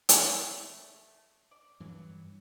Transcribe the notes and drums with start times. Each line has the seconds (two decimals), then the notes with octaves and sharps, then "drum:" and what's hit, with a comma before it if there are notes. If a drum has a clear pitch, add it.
0.09 A3 D5 G#5, drum: hi-hat
1.51 D5
1.80 G2 E3 F#3